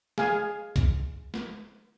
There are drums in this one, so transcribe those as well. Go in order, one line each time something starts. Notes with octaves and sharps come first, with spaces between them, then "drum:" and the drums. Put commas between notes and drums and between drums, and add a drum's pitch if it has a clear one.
G#4 F5 G#5, drum: snare
drum: kick C2, hi-hat
drum: snare